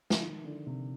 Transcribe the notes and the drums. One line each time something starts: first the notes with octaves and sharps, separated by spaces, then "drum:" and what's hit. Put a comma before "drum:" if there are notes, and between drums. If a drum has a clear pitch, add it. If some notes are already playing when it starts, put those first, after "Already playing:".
F3, drum: snare
D#3
D3
C3